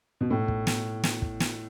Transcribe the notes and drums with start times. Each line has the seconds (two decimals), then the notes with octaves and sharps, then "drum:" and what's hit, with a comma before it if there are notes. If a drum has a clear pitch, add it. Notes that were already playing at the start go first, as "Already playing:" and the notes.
0.21 B2
0.30 A2
0.48 drum: kick
0.67 drum: snare
1.04 drum: snare
1.22 drum: kick
1.40 drum: snare